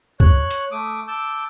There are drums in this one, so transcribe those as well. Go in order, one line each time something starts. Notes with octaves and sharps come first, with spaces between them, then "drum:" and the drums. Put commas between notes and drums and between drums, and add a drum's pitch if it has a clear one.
C#5 F#6, drum: kick
drum: hi-hat
A3 D6 D#6
A5 D6 E6 G6